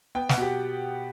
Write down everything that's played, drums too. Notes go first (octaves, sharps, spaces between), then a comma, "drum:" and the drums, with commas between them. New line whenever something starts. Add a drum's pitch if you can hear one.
B3 G5
F#5, drum: snare
B2 G4